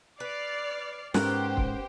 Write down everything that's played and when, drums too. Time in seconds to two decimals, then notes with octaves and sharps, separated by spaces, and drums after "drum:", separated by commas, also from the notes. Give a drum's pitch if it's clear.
0.20 B4 D5 F6 C7
1.14 G#2 B3 C#4 G4 A#4 C5 F#5 G5, drum: snare
1.57 drum: kick